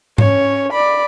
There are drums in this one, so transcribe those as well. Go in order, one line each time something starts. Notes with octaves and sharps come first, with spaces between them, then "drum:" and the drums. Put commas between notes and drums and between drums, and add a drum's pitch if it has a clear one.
C#4 C#5, drum: tom G#2
D5 B5